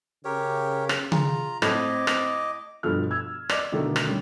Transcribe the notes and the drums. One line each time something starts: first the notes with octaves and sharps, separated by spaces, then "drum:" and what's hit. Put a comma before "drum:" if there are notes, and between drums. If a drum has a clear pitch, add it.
C#3 G4 A#4 C#5
drum: rim click
F4 G#4 A#5, drum: tom C#3
A2 C4 D#5 D6, drum: rim click
drum: rim click
G2 B2 F3 A4 F6
E6 G#6
D5 D#5 D6, drum: rim click
B2 D3 D#3 A3
drum: rim click
G3 C#4